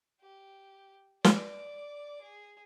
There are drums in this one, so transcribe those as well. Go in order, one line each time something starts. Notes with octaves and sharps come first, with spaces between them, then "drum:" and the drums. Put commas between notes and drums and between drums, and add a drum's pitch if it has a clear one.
G4
D5 D6, drum: snare
G#4